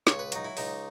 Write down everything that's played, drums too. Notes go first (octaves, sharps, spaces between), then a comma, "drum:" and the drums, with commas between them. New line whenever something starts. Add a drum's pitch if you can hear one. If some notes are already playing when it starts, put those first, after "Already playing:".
C#2 C#5, drum: snare
B4
F#3 D#4, drum: hi-hat
E4
C#2 D#4, drum: open hi-hat